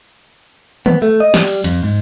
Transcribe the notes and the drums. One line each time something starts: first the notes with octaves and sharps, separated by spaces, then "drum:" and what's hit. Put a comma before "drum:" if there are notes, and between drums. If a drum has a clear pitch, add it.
B3, drum: tom
A3
D#5
G3, drum: snare
drum: cymbal
F2, drum: hi-hat
G#2